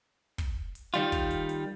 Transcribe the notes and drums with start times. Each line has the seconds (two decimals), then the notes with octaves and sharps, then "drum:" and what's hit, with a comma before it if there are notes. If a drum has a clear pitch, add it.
0.38 drum: kick, hi-hat
0.75 drum: hi-hat
0.94 D#3 G3 F4, drum: hi-hat
1.12 drum: kick, hi-hat
1.31 drum: hi-hat
1.49 drum: hi-hat